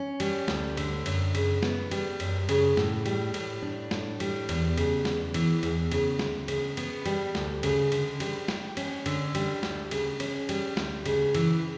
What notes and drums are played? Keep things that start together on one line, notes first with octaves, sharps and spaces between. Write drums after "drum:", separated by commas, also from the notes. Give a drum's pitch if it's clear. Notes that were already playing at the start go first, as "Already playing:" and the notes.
Already playing: C#4
G3, drum: cymbal
D2, drum: snare
D3, drum: cymbal
F#2, drum: cymbal
C#3, drum: cymbal
B3, drum: snare
G3, drum: cymbal
F#2, drum: cymbal
C#3, drum: cymbal
A2, drum: snare
G3, drum: cymbal
A2, drum: cymbal
D4
A2, drum: snare
G3, drum: cymbal
E2, drum: cymbal
C#3, drum: cymbal
E2, drum: snare
E3, drum: cymbal
E2, drum: cymbal
C#3, drum: cymbal
D2, drum: snare
C#3, drum: cymbal
B3, drum: cymbal
G3, drum: cymbal
D2, drum: snare
C#3, drum: cymbal
D3, drum: cymbal
G3, drum: cymbal
G4, drum: snare
C#4, drum: cymbal
D3, drum: cymbal
G3, drum: cymbal
D2, drum: snare
C#3, drum: cymbal
C#4, drum: cymbal
G3, drum: cymbal
D2, drum: snare
C#3, drum: cymbal
E3, drum: cymbal